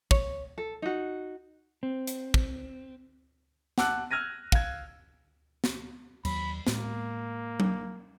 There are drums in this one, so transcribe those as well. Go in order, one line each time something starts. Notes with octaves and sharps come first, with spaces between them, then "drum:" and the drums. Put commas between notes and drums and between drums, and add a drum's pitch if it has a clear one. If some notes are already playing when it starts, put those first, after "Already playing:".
C#5, drum: kick
A4
D#4 F#4
C4
drum: hi-hat
drum: kick
F#5 A5 D6 E6 F#6, drum: snare
E6 F6 G#6 A#6 D#7
F5 G#6, drum: kick
drum: snare
D#2 F#3 B5, drum: cymbal
A2 G#3 A#3, drum: snare
drum: tom F#3